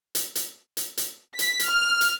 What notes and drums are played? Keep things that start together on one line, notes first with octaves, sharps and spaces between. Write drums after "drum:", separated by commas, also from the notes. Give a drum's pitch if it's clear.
drum: hi-hat
drum: hi-hat
drum: hi-hat
drum: hi-hat
B6, drum: hi-hat
drum: hi-hat
F6
drum: hi-hat